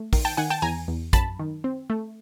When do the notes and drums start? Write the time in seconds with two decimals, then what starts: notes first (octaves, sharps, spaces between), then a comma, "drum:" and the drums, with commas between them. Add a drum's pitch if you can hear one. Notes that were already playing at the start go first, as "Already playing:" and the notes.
Already playing: A3
0.13 D#3, drum: kick, open hi-hat
0.25 G5 A5
0.37 D#3 F#5 G#5
0.50 G5 A5
0.62 E2 G#5 A#5
0.88 E2
1.13 F#2 A5 B5, drum: kick, hi-hat
1.39 D#3
1.64 C4
1.90 A3